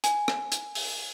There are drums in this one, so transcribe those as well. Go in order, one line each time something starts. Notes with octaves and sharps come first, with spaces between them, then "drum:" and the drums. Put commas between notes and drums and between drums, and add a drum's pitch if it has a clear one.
G#5, drum: hi-hat
drum: rim click
drum: hi-hat
drum: open hi-hat